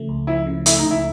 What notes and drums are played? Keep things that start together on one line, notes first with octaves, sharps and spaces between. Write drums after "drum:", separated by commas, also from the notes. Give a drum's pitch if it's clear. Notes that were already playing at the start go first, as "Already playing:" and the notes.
Already playing: C#3 F3 A3
C#2
F3 E4
C#3
A3 E4, drum: hi-hat
D#4
C#2
E4